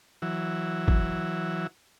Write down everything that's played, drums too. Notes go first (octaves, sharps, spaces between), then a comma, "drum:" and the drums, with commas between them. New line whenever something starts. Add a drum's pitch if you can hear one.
E3 F#3
drum: kick